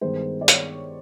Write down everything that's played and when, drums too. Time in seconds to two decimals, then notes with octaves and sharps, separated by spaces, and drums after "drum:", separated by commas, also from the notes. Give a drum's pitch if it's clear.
0.01 G2 D#3 G#3 B3 C5
0.41 D5
0.48 C#5, drum: hi-hat